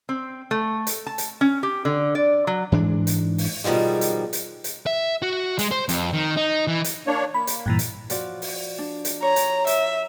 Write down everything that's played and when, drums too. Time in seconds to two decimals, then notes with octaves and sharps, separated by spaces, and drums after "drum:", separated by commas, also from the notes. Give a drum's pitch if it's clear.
0.09 C4
0.51 A3
0.87 drum: hi-hat
1.06 A5
1.18 drum: hi-hat
1.41 C#4
1.63 G4
1.85 D3
2.15 D5
2.47 F#3
2.72 G#2 E3 G#3 D4
3.07 drum: hi-hat
3.38 drum: open hi-hat
3.64 B2 D#3 F3 G3 G#3
4.01 drum: hi-hat
4.33 drum: hi-hat
4.64 drum: hi-hat
4.86 E5
5.22 F#4
5.59 G#3, drum: hi-hat
5.71 C5
5.89 F2, drum: hi-hat
6.13 D#3
6.37 D#4
6.67 E3
6.84 drum: hi-hat
7.07 A#3 D4 C#5
7.34 A#3 B5
7.47 drum: hi-hat
7.66 G2 A#2 E3
7.79 drum: hi-hat
8.10 F3 F#4 D5, drum: hi-hat
8.42 drum: open hi-hat
8.78 D4
9.05 drum: hi-hat
9.22 C#5 A#5
9.36 drum: hi-hat
9.67 E5, drum: hi-hat